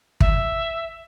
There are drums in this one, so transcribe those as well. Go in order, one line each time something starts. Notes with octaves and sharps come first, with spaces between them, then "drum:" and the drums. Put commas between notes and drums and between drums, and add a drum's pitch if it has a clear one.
E5, drum: kick